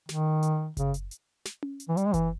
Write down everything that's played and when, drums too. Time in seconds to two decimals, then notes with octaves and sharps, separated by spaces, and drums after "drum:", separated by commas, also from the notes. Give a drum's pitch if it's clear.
0.09 D#3, drum: snare
0.43 drum: hi-hat
0.77 C#3, drum: kick F#1, hi-hat
0.94 drum: hi-hat
1.11 drum: hi-hat
1.45 drum: snare
1.63 drum: tom C#4
1.80 drum: hi-hat
1.89 E3
1.97 G3, drum: hi-hat
2.06 G#3
2.14 E3, drum: kick F#1, hi-hat